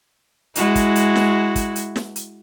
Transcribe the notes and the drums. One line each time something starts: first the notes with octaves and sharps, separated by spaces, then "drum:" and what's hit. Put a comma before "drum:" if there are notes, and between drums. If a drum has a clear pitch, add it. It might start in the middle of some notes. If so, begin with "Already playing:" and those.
G#3 E4 F#4, drum: hi-hat
drum: kick, hi-hat
drum: hi-hat
drum: snare
drum: kick, hi-hat
drum: hi-hat
drum: snare
drum: hi-hat